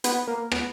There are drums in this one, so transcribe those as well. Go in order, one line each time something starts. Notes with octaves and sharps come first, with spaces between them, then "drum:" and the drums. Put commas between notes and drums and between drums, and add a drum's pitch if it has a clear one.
B3, drum: hi-hat
A#3
B3, drum: rim click